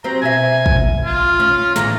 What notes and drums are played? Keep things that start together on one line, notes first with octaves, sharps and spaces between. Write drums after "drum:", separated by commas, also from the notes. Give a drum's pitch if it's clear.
F#3 C4 G4 A#5
B2 E5 G#5
drum: kick
F4
C#4, drum: tom G#3
A2 D3 E3 A#5, drum: snare